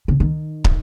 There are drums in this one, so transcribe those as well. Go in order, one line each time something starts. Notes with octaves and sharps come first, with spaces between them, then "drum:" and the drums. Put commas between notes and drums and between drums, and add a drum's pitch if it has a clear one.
C#3
D#3
drum: kick